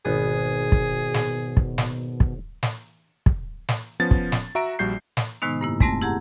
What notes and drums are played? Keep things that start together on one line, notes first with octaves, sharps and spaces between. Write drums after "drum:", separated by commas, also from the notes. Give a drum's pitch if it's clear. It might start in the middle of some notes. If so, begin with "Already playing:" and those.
G#1 B2 B3 G#4
drum: kick
drum: snare
drum: kick
drum: snare
drum: kick
drum: snare
drum: kick
drum: snare
F3 B3 C#4 A6
drum: kick
drum: snare
F#4 E5 A#5 D7
A#1 G3 F#4 G6 C7
drum: snare
A2 C3 D#3 G#3 B3 D#4
G2 A#3 E4
F2 G#3 A3 C4 A5 A#6, drum: kick
E4 G4 G#4 F#5 A#5